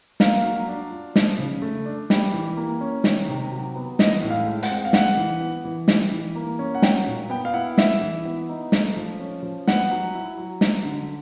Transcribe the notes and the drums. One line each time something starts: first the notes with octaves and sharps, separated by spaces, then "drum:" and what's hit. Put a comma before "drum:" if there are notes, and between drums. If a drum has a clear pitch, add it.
A#3 F5, drum: snare
F#3
D4
F4
F3, drum: snare
C#3
A3
D4
G3, drum: snare
E3
A#3
C#4
D#3, drum: snare
C3
F#3
B3
E3 D#5, drum: snare
A2
F5
G#3
F#5, drum: hi-hat
C4
F5
G#3 F#5, drum: snare
E3
B3
E3
G3, drum: snare
E3
A#3
C#4
F#5
F#3 G5, drum: snare
A#2
B3 G5
F5
E4 F#5
G#3 E5, drum: snare
E3
B3
D#4
A3, drum: snare
F3
C#4
F3
B3 F#5, drum: snare
F#3
E4
F#3
F#3, drum: snare
D3